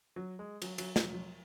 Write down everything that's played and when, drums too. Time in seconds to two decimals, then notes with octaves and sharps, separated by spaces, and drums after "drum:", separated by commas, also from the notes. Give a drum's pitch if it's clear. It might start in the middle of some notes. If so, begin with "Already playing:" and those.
0.16 F#3
0.39 G#3
0.62 F#3, drum: cymbal
0.78 F#3, drum: cymbal
0.96 F#3, drum: snare
1.13 F#3